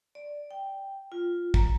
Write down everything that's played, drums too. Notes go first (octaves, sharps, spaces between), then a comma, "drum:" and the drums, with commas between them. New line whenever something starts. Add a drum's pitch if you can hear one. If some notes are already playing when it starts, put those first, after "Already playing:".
D5
G5
F4
A#5, drum: kick